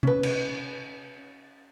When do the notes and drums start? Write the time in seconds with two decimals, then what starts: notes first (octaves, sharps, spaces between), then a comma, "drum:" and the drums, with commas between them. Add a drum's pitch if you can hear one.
0.03 C#4 B4, drum: tom C3
0.23 drum: cymbal